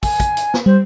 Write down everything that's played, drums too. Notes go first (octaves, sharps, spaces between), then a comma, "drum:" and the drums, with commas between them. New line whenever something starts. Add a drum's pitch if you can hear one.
G#5, drum: kick, open hi-hat
drum: kick, hi-hat
drum: hi-hat
drum: snare
G3 C5